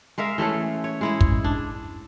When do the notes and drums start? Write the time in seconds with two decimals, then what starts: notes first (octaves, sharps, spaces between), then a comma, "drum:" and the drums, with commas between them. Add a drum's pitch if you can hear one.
0.18 G#3 A#4 E5 F5
0.38 E3 A3 C#4 A4
0.84 C#5
1.01 G#3 E4 C#5
1.21 drum: kick
1.44 D4